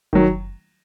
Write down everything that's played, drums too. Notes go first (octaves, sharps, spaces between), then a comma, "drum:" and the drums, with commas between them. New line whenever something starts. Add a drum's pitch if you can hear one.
D#3 F#3, drum: kick F#1